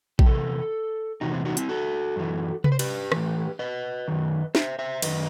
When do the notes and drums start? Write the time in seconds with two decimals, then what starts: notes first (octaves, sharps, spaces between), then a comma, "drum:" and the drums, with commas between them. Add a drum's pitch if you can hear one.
0.19 G4, drum: kick A#1
0.26 E2 C3 A4
1.21 E2 C3 E3 D#4 F#4
1.33 C4 E4
1.45 D#4 F#4
1.57 C4 E4, drum: hi-hat
1.69 F#4 A4
2.16 F#2 E3
2.64 B4, drum: tom C3
2.72 C5
2.79 G4 B4, drum: cymbal
3.12 A2 E3, drum: rim click
3.59 B4 D#5
4.08 F#2 D#3
4.55 C5 E5, drum: snare
4.79 C5 E5
5.02 F#2 D#3 B4 D#5, drum: cymbal